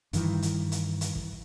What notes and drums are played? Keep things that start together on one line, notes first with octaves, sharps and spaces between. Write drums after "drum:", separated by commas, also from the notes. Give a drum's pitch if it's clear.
G2 D#3 E3, drum: kick, hi-hat
drum: hi-hat
drum: hi-hat
drum: hi-hat
drum: kick